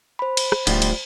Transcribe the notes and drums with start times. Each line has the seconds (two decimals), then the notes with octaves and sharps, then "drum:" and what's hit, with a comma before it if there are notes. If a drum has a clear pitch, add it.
0.19 C5 B5
0.37 drum: cymbal
0.52 drum: rim click
0.67 D1 D2 F3 G3, drum: cymbal
0.82 drum: cymbal